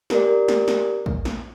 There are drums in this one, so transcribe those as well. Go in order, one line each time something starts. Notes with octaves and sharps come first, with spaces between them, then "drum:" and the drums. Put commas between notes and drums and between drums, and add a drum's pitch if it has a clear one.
G4 A#4 D5, drum: snare
drum: snare
drum: snare
drum: kick
drum: snare